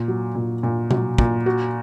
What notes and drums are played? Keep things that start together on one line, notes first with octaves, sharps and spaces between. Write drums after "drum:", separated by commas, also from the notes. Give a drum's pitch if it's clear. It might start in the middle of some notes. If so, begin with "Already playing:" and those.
Already playing: A#2
F#3
A#2
A#2
F#3, drum: tom B2
A#2, drum: kick
F#4